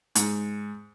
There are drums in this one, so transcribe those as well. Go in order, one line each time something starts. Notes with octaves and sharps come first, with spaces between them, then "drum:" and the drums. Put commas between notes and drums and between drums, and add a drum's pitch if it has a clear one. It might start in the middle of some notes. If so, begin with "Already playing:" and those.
G#2, drum: hi-hat